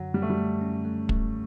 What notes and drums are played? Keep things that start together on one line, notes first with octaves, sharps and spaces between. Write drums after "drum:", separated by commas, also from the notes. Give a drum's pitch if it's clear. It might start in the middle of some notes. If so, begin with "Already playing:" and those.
Already playing: F#2 D3 F#3
F#2 G3
A3
G3
A3
C#4
A3
A3, drum: kick